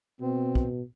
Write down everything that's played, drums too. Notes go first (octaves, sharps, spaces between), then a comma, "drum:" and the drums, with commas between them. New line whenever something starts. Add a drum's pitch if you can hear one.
B2 C4
drum: kick